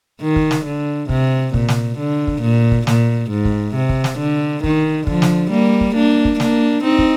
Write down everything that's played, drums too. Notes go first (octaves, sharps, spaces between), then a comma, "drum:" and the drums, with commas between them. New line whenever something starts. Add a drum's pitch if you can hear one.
D#3
drum: kick
drum: snare
D3
C3, drum: kick
A#2, drum: kick
drum: snare
D3
drum: kick
A#2
drum: kick
A#2, drum: snare
G#2
drum: kick
C3
drum: kick
drum: snare
D3
D#3, drum: kick
D3 F3, drum: kick
drum: snare
G3 A#3
drum: kick
A#3 D4
drum: kick
A#3 D4, drum: snare
C4 D#4
drum: kick